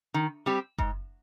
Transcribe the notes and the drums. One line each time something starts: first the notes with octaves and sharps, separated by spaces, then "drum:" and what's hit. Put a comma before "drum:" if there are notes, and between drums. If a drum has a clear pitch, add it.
D#3
G3 C4 G4
G#2, drum: kick F#1